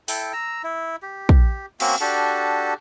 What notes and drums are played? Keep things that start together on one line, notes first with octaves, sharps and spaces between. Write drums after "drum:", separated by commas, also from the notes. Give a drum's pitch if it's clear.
E4 A4 G5, drum: open hi-hat
A#5 E6
E4
G4
drum: kick
A#3 C4 C#4 F#4, drum: cymbal
D4 F#4 G4 A4